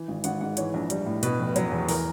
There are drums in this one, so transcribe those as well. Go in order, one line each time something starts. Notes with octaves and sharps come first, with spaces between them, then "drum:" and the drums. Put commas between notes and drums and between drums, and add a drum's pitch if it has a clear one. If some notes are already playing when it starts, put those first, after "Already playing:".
Already playing: E3
G#1
G#1 F#5, drum: hi-hat
G#2 F#5
E3 C#5, drum: hi-hat
A#1
G3, drum: hi-hat
A2
B2 B4, drum: hi-hat
F1
F#3, drum: hi-hat
E2
E3 A#4, drum: open hi-hat